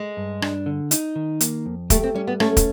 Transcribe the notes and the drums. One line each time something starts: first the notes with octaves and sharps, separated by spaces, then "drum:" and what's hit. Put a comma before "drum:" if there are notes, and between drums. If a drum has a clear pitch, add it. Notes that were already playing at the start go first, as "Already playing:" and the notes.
Already playing: G#3
G2
D4, drum: rim click
D3
D#4, drum: hi-hat
D#3
A#3, drum: hi-hat
F2
A3 G4, drum: kick, hi-hat
C4
G3 C#4
B3
A3 C#4, drum: rim click
drum: kick, hi-hat